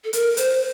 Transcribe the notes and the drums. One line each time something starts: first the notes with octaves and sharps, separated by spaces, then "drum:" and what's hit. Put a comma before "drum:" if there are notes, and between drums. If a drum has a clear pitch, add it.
A4
A#4, drum: hi-hat
C5, drum: hi-hat